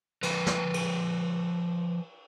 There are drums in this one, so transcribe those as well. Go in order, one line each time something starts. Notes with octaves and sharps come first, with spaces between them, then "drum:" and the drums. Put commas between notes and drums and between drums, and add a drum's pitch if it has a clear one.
F3 A#4 B4, drum: cymbal
drum: snare
drum: cymbal